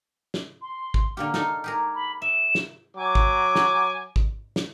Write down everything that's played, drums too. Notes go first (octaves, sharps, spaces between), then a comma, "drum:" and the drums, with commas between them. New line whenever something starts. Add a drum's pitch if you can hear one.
drum: snare
C6
drum: kick
D3 A#3 G4 F6
D#4 A4, drum: snare
G4 G#4 A#4
B5
E5 E7
drum: snare
F#3 G#5 D6
drum: kick
drum: snare
drum: kick
drum: snare